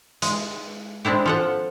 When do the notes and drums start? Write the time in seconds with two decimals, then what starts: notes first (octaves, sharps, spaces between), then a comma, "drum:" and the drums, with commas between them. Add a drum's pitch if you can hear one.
0.22 G#3, drum: hi-hat
1.05 G#3 C4 D4 E4 G4
1.26 F3 A4 F#5